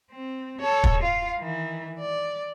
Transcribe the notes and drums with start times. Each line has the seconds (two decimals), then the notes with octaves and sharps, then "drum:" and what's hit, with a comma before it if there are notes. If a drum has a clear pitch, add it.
0.12 C4
0.61 A4 C#5
0.84 drum: kick
1.02 F4 F5
1.39 D#3 E3
2.00 D5